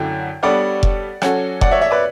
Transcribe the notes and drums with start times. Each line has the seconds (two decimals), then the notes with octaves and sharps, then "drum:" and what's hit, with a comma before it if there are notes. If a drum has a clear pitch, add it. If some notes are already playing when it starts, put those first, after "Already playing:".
Already playing: F#2 D3 F#3 A3 E4 G5
0.43 G3 B3 D4 A4 C#5 D5 F#5
0.83 drum: kick F1
1.22 F#3 C#4 F#4 A4, drum: rim click
1.61 D5 F#5, drum: kick F1
1.71 C#5 E5
1.81 C#5 E5
1.91 B4 D5